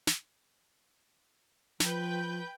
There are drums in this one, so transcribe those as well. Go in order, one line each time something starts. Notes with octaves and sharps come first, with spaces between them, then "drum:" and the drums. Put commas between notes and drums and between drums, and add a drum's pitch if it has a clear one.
drum: snare
F3 B4 G5 G6, drum: snare